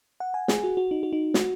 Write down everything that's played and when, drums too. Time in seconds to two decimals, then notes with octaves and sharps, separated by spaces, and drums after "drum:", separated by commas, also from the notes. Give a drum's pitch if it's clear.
0.20 F#5
0.34 G#5
0.48 G#4, drum: snare
0.63 F#4
0.77 F#4
0.91 D#4
1.03 F#4
1.13 D#4
1.34 F#4, drum: snare